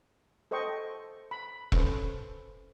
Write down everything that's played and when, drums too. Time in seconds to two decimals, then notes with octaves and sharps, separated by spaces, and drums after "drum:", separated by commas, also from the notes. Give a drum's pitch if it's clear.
0.51 A4 C5 D#5 G5 C#6
1.31 B5
1.72 C#4 A4 B4 C5, drum: kick E1